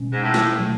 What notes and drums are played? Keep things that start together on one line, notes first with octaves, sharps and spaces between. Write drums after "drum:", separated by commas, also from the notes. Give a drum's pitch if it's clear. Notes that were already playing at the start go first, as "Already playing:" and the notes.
Already playing: B2 G#3 C#4
G#2
A2
drum: snare
B2 F#3 A3